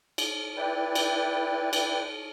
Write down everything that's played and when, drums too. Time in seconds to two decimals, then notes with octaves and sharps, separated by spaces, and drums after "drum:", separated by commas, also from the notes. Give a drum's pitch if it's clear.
0.18 drum: cymbal
0.57 E4 B4 D5 G5
0.95 drum: cymbal
1.73 drum: cymbal